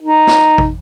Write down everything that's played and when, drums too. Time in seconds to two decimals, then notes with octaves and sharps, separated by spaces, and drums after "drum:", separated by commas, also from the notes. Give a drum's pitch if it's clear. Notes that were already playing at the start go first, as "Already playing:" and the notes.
0.02 D#4
0.27 drum: snare
0.58 drum: kick